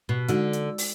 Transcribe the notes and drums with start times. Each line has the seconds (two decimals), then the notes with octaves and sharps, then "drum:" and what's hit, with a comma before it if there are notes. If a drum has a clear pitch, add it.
0.09 B2
0.28 D3 G#3 D#4 F#4, drum: hi-hat
0.53 drum: hi-hat
0.78 drum: open hi-hat